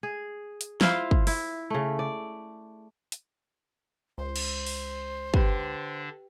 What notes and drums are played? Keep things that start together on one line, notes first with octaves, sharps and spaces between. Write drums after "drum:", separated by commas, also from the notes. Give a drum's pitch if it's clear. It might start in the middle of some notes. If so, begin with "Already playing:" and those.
G#4
drum: hi-hat
E4 F4 C5 F5, drum: snare
drum: kick
E4, drum: open hi-hat
C#3 A3
D5
drum: hi-hat
C#2 C5
drum: cymbal
drum: open hi-hat
D3 D4 G4 B4 G5, drum: kick